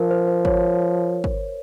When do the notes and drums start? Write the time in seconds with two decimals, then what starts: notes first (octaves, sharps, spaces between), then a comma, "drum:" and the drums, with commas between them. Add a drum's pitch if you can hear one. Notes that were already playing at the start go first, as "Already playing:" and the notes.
Already playing: F3 A#4
0.11 C5
0.28 C5
0.45 C#5, drum: kick
1.24 drum: kick